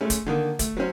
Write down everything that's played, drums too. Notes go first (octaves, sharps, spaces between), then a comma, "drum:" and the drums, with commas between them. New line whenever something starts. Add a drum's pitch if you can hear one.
G#3 A3 C#4
drum: kick, hi-hat
D3 D#3 A#3
A3, drum: kick, hi-hat
F#3 C4 C#4